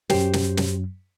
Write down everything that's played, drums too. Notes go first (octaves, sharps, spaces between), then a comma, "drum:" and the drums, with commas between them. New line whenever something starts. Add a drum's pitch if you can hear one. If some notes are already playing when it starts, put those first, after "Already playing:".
F#2 F#3 G4 C5 G5, drum: snare
drum: snare
drum: snare